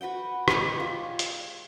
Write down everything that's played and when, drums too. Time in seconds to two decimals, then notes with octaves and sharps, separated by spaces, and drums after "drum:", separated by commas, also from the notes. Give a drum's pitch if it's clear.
0.01 F#4 B4 F#5 G5
0.48 G#3 G4 C#5, drum: rim click
0.80 F4
1.19 drum: hi-hat